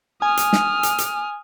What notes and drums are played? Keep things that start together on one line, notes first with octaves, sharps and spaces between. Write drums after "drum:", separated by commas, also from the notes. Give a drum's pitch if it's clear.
G#5 D#6 F6
drum: hi-hat
drum: snare
drum: hi-hat
drum: hi-hat